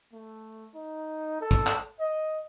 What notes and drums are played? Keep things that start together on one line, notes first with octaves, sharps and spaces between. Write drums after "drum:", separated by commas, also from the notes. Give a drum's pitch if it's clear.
A3
D#4
A4
drum: kick G#1
drum: clap
D#5